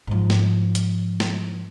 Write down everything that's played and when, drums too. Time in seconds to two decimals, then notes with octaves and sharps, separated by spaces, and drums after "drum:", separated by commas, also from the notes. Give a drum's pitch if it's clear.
0.07 G#2 F3
0.30 drum: snare
0.75 drum: hi-hat
1.20 drum: snare